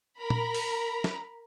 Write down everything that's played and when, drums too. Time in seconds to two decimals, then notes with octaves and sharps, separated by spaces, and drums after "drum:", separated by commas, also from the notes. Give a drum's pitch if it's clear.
0.20 A#4 A#5 B5
0.30 drum: tom
0.54 drum: open hi-hat
1.04 drum: snare